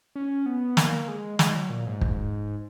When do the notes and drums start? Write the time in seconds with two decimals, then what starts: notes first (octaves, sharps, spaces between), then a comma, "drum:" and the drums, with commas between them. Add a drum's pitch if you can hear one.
0.15 C#4
0.46 B3
0.77 A#3, drum: snare
0.92 A#3
1.08 G#3
1.39 G#3, drum: snare
1.55 F#3
1.70 A#2
1.86 G#2
2.01 drum: kick